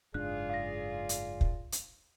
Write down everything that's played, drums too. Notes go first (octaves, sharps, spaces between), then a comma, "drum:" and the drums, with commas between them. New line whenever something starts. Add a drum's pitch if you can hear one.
F#1 G#2 D4 F4 G#4 D5 F#6
F5 A#6
drum: hi-hat
drum: kick
drum: hi-hat